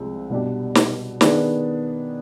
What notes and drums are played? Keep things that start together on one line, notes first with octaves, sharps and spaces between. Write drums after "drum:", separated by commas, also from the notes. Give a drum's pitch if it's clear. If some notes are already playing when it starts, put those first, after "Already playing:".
Already playing: C2 C3 F3 G#3 C4
B2 G3 D4 G4
drum: snare
D#3 B3 D4 G#4, drum: snare